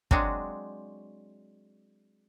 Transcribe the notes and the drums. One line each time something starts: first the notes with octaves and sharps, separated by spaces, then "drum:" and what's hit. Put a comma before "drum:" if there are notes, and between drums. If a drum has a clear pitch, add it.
F#3 G#3 C4 D4 F#4 G#4, drum: kick